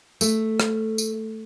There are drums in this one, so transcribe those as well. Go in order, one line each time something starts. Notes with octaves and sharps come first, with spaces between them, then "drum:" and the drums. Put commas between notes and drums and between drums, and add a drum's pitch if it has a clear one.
A3, drum: tambourine
drum: rim click
drum: tambourine